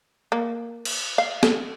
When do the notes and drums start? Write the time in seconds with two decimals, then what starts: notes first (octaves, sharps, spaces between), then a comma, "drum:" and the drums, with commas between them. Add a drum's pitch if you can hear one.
0.32 A#3
0.85 drum: cymbal
1.18 F5
1.43 A4, drum: snare